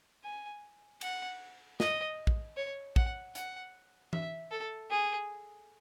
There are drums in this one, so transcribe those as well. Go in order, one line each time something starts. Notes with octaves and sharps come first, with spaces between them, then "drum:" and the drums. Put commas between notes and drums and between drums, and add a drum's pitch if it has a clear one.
G#5
F#5, drum: cymbal
D#5, drum: snare
drum: kick
C#5
F#5, drum: kick
F#5, drum: hi-hat
E5, drum: tom E3
A4
G#4